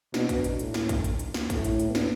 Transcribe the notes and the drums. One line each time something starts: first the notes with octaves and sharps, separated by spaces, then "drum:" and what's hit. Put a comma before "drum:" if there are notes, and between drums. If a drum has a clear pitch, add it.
B2 D4, drum: snare
drum: kick, hi-hat
drum: hi-hat
A2, drum: hi-hat
drum: snare
drum: kick, hi-hat
drum: hi-hat
drum: hi-hat
drum: snare
A2, drum: kick, hi-hat
drum: hi-hat
drum: hi-hat
B3
D4, drum: snare